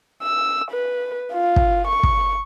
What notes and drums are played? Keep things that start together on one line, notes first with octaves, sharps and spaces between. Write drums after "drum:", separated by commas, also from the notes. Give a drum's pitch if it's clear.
E6
B4
F4
drum: kick
C#6
drum: kick